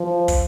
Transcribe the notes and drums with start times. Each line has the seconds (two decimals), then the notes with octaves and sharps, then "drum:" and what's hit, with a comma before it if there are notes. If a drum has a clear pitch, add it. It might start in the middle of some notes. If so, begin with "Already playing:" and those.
Already playing: F3
0.28 drum: kick, open hi-hat